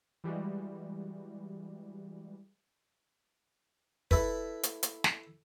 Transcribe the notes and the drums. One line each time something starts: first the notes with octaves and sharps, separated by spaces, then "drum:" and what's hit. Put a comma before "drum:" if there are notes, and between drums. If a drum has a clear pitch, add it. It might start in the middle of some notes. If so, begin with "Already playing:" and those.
E3 G3 G#3 F#4
E4 A4 B4, drum: kick
drum: hi-hat
drum: hi-hat
drum: snare